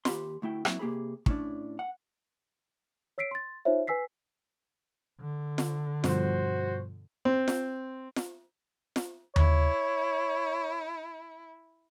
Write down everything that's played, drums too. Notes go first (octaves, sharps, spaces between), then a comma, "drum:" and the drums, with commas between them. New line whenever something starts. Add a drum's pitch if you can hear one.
D#2 G4 B5 C6, drum: snare F4
D2 A3 E4 G5
F#3 A#3 C4 E4, drum: rim click
C3 A#3 G4 G#4 B5
A2 C#4 D4, drum: kick
F#5
C#5 E6 B6 C7 D7
C6 A6
D#4 F4 C5 C#5 E5
B4 G#5 E6 B6 C7
D3
drum: snare F4
G2 B2 F3 F#4 C5, drum: snare F4
C4
drum: snare F4
drum: snare F4
drum: snare F4
E4 C#5, drum: tom D#2